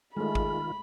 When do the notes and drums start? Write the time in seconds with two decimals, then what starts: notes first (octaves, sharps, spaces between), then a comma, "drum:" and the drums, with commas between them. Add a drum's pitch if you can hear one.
0.17 D#3 G#3 A3 F4 G#4 B5
0.35 drum: kick G#1